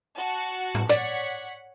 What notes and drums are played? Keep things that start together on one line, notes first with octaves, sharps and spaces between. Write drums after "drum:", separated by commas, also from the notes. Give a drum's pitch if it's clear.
F#4 F#5 A5
drum: tom G#2
C#5 D5 F#5 B6, drum: hi-hat